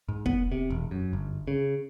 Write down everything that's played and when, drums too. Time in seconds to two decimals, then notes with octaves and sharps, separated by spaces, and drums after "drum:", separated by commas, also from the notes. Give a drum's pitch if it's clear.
0.09 G#2
0.26 B3, drum: kick
0.52 C3
0.70 E1
0.91 F#2
1.13 G1
1.48 C#3